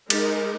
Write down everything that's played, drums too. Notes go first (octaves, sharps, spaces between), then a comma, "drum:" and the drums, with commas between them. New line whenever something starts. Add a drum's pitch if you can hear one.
G#3 D#4 A#4, drum: cymbal